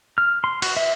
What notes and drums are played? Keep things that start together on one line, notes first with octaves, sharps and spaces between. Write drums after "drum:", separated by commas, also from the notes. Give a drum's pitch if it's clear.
F6
C6
F#4, drum: cymbal
E5